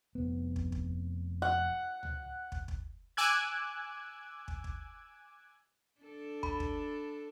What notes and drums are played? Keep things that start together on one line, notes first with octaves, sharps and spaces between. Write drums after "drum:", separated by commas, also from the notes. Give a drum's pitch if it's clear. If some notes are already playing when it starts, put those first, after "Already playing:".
F1 B3
drum: kick
drum: kick
F#5
drum: tom C#2
drum: kick
drum: kick
G#5 D6 E6 F#6 G#6
drum: kick
drum: kick
D4 A4
B5, drum: kick
drum: kick